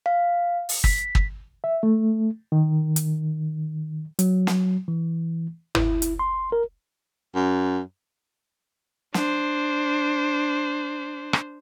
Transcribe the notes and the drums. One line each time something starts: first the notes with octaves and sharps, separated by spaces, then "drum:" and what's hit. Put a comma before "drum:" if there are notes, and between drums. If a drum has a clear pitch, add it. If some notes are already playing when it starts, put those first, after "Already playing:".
F5
drum: open hi-hat
B6, drum: kick
drum: kick
E5
A3
D#3
drum: hi-hat
F#3, drum: hi-hat
drum: snare
E3
E4, drum: tom
drum: hi-hat
C6
A#4
F#2
D4 C5, drum: snare
drum: rim click